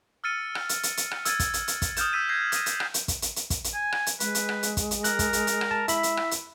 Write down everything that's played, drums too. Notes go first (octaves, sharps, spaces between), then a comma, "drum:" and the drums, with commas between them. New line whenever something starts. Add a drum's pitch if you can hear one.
E6 F6 A6 C#7 D#7
drum: rim click
drum: hi-hat
drum: hi-hat
drum: hi-hat
drum: rim click
E6 G#6 A6 D#7, drum: hi-hat
drum: kick, hi-hat
drum: hi-hat
drum: hi-hat
drum: kick, hi-hat
D#6 F6 G6 E7, drum: hi-hat
D#6 E6 G6 B6 D#7
G6 G#6 A#6 C7
D#6 A#6 D#7, drum: hi-hat
drum: hi-hat
drum: rim click
drum: hi-hat
drum: kick, hi-hat
drum: hi-hat
drum: hi-hat
drum: kick, hi-hat
drum: hi-hat
G#5
drum: rim click
drum: hi-hat
G#3 B4, drum: hi-hat
drum: hi-hat
drum: rim click
drum: hi-hat
drum: kick, hi-hat
drum: hi-hat
A#4 F#6, drum: hi-hat
drum: kick, hi-hat
drum: hi-hat
drum: hi-hat
drum: rim click
A5
E4 E5 B5, drum: hi-hat
drum: hi-hat
drum: rim click
drum: hi-hat